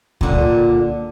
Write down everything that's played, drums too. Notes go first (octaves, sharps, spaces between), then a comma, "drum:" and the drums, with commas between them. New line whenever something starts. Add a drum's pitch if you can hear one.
A#2 D3, drum: kick C#2